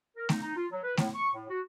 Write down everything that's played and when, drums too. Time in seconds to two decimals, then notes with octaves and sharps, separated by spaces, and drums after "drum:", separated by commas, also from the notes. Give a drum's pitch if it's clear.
0.17 A#4
0.29 D#4, drum: snare A3
0.41 D#4
0.56 F4
0.72 F#3
0.83 B4
0.97 A2, drum: snare A3
1.14 C#6
1.34 A2
1.49 F#4